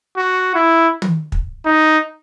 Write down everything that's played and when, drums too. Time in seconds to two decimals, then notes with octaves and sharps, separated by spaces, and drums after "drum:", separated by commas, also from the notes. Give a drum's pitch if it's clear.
0.17 F#4
0.55 E4
1.02 drum: tom
1.32 drum: kick
1.65 D#4